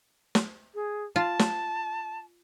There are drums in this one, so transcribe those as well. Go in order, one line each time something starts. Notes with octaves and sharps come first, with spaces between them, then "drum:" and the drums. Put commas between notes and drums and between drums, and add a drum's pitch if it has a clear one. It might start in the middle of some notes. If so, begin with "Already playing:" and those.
drum: snare
G#4
F4 A5
drum: snare